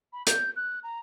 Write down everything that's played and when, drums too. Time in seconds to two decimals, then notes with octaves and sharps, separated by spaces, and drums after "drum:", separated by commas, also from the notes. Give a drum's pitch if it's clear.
0.13 B5
0.27 G6, drum: hi-hat
0.56 F#6
0.83 A#5